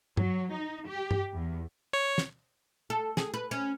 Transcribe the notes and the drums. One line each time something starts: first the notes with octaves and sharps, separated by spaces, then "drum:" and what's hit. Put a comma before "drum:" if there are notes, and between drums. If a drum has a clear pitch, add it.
F#3, drum: tom G2
D#4
G4
drum: tom G2
E2
C#5
drum: snare
A4
G#4, drum: snare
B4
C#4